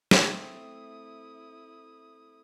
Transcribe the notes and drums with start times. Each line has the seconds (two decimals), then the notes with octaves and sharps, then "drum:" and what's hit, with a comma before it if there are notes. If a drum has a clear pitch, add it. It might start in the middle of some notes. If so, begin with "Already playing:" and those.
0.11 drum: snare
0.23 A3 C4 E4 D#6